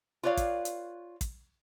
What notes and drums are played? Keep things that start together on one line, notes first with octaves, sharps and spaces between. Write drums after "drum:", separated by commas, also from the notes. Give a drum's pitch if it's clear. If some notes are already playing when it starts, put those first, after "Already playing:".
F4 B4 C#5 D5 F5
drum: kick, hi-hat
drum: hi-hat
drum: kick, hi-hat